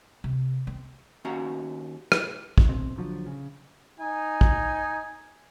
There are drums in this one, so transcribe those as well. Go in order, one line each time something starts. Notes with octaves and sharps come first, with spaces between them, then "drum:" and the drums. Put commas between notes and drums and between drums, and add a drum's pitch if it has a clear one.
C3
C4
D#2 C#4 F#4 F5 F#5 A#5
drum: rim click
drum: kick
D1 B2 C4
A#1 D3 F3 F#3
C#3
D#4 G#5
drum: kick